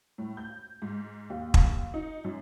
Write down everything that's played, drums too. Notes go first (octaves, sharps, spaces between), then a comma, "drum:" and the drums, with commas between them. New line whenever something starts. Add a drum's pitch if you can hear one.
A2
G6
G#2
D#2
drum: kick
D#4
F#2